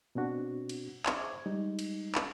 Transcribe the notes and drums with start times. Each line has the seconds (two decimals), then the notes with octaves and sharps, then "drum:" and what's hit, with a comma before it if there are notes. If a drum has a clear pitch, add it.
0.15 B2 C4 D4 F#4
0.69 drum: cymbal
1.06 G#4 C5 E5 C#6 D6 G#6, drum: clap
1.46 G3 G#3 D#4
1.79 drum: cymbal
2.15 drum: clap